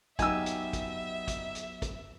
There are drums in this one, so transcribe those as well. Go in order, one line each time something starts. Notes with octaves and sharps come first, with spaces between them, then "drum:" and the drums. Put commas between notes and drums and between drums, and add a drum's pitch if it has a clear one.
F#3 B3 D#4 G4 E5 G#5 E6, drum: kick, hi-hat
drum: hi-hat
drum: kick, hi-hat
drum: kick, hi-hat
drum: hi-hat
drum: kick, hi-hat